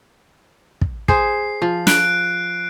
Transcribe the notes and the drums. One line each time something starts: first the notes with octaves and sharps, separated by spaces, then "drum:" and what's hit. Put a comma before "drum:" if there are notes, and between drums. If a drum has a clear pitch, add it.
drum: kick
G#4 C5 C7, drum: kick
F3
F#6 D7, drum: snare